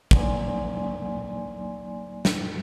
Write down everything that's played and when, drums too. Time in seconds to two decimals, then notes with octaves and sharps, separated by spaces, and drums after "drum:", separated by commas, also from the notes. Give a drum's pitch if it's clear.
0.11 F#3 A#3 D#4 D5 G#5 C6, drum: kick
2.25 drum: snare